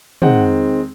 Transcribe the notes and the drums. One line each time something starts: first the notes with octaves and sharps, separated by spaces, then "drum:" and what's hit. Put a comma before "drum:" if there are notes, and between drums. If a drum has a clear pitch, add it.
D#3 G#3 C4 F#5, drum: tom